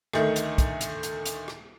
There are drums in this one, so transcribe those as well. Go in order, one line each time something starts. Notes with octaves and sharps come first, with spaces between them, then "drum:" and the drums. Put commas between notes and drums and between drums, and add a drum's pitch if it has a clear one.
D2 D#3 A3, drum: rim click
drum: hi-hat
drum: kick, hi-hat
drum: hi-hat
drum: hi-hat
drum: hi-hat
drum: rim click